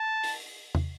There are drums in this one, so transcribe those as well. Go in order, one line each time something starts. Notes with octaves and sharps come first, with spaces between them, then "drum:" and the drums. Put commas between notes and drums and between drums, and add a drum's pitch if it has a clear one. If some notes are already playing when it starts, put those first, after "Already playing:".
Already playing: A5
drum: open hi-hat
drum: tom E2